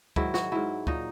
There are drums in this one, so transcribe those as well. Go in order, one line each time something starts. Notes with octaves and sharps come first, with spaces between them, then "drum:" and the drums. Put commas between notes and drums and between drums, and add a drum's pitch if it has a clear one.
G#2 D#3 F#3 E4, drum: kick
F#4, drum: snare
G#2 F#3 E4
A#2 F#3 D#4, drum: kick